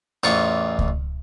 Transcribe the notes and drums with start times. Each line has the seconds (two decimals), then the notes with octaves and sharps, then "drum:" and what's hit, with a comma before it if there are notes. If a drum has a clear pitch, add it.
0.23 A1 E2 F4 C#6
0.79 drum: kick C#2